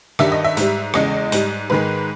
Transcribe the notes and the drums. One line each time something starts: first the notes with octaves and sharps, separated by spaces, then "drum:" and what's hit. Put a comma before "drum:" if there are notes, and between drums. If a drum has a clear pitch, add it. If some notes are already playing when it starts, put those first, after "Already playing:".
G2 D#3 G3 E5, drum: rim click
D#5
E5
G#2 G3, drum: hi-hat
E2 C#3 G#3 D#5, drum: rim click
G#2 G3, drum: hi-hat
G#2 D#3 G#3 B4